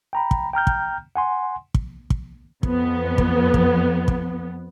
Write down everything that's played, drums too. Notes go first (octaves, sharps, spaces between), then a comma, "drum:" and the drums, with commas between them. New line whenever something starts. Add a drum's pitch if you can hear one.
G5 A#5 B5
drum: kick
G5 A#5 F6 G6
drum: kick
F#5 G#5 C6
drum: kick
drum: kick
F2 B3, drum: kick
drum: kick
drum: kick
drum: kick